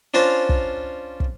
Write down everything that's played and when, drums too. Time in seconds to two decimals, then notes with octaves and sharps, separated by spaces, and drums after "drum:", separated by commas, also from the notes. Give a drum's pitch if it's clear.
0.14 C#4 D4 F4 C5 A#5
0.49 drum: kick
1.20 drum: kick